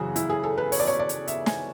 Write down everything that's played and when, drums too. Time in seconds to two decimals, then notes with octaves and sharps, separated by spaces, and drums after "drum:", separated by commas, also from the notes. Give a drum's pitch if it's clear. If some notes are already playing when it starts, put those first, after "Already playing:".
Already playing: F#2 C#3 E3 F#4 G#4
0.16 E4, drum: hi-hat
0.30 G#4
0.44 A4
0.58 B4
0.72 C#5, drum: open hi-hat
0.80 D5
0.87 C#5
0.99 D5
1.09 drum: hi-hat
1.28 E5, drum: hi-hat
1.46 G#5, drum: snare